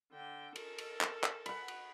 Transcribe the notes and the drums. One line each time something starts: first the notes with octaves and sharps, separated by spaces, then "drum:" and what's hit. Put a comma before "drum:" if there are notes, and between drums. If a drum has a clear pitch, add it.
D3 G5
A4 A#4, drum: cymbal
drum: cymbal
drum: clap
drum: clap
F#5 B5, drum: cymbal
drum: cymbal